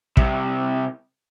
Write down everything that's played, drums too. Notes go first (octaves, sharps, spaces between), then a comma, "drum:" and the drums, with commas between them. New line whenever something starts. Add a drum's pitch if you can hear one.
C2 C3, drum: kick